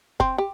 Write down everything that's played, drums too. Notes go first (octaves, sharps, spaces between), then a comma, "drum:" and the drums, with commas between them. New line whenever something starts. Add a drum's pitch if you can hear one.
C4, drum: kick F#1
G4